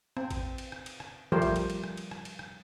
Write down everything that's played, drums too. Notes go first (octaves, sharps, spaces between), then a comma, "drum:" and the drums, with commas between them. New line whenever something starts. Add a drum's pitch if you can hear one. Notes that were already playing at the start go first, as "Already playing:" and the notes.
C4, drum: rim click
drum: kick A1, cymbal
drum: cymbal
drum: rim click
drum: cymbal
drum: rim click
F3 G3 A3 G4 A#4 C5
drum: kick A1, cymbal
drum: cymbal
drum: cymbal
drum: rim click
drum: cymbal
drum: rim click
drum: cymbal
drum: rim click